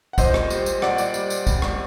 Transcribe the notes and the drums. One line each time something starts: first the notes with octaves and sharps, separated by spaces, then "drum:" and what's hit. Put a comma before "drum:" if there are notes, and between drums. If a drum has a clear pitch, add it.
F#5
A#2 C5 D#5, drum: kick, tambourine
drum: rim click
G3, drum: tambourine
drum: tambourine
A#2 D5 F#5, drum: rim click
drum: tambourine
G3, drum: tambourine
drum: tambourine
G3, drum: kick, tambourine
drum: rim click